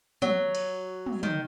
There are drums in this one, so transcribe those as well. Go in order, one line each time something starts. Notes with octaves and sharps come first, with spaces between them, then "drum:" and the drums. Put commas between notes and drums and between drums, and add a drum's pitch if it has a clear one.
F#3, drum: tom
drum: cymbal
drum: tom
D#3, drum: tom